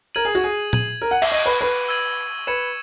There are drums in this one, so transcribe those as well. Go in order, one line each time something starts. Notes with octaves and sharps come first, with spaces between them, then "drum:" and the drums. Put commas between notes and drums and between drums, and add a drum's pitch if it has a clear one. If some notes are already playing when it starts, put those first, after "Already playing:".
A#4 G#6 D#7 F#7
G#4
F#4
G#4
G#6 D#7 F#7, drum: tom A#2
A#4
F#5
E5, drum: cymbal
D#5 C#6 G#6 D#7
B4
B4
E6 G#6 D#7 F#7
B4 G#6 C#7 E7